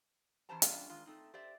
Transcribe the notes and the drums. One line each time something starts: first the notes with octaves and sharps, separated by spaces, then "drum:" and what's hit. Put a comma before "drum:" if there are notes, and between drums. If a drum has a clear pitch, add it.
E3 C#4 G4 C5 A5 A#5
A#2 G3 C#4 D4 F4, drum: hi-hat
D#3 G#3 F4
A3 C4 D#4
G4 C5 D5 E5